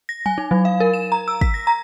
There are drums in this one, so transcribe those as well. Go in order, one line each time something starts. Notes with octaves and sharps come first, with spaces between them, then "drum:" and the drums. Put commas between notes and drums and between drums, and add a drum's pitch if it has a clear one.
A#6
G#5, drum: tom F#3
D#4
F#3
F5
A#4
E7
A#5
E6
B6, drum: kick
A#6
A#5